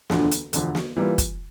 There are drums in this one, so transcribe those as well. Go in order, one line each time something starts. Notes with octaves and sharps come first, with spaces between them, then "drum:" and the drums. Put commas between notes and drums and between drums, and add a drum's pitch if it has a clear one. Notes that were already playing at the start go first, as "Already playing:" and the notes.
E1 D2 D3 F3, drum: snare
drum: hi-hat
E1 D2 D3 F3, drum: hi-hat
drum: snare
E3 G3 A#3 F4
drum: kick, hi-hat